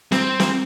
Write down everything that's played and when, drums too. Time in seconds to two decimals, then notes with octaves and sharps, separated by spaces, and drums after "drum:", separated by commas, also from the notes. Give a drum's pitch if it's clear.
0.12 C4, drum: snare
0.40 drum: snare